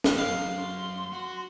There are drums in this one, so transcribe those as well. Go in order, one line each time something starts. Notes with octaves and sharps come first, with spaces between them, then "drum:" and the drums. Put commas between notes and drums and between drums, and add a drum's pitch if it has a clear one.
drum: snare
F#2 F#3 F5
C6
F#4